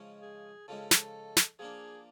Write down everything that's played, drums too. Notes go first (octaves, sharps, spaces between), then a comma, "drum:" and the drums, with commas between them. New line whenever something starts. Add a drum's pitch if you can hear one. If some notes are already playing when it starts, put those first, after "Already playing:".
Already playing: C#3 F3 G#3 C#4
G#4
C#3 F3 G#3 C#4 A4
drum: snare
drum: snare
F3 A#3 D4 G#4